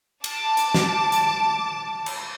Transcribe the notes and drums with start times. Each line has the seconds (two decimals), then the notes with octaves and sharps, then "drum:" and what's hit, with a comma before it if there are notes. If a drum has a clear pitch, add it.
0.24 A5 D6, drum: cymbal
0.57 drum: hi-hat
0.74 drum: snare
1.12 drum: hi-hat
2.06 drum: cymbal